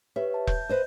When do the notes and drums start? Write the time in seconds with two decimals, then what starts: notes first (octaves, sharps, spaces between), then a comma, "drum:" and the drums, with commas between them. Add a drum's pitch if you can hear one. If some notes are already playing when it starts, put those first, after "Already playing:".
0.16 G4 B4 C#5 E5
0.34 A5
0.47 G6, drum: kick E1
0.69 B4 C5 D#5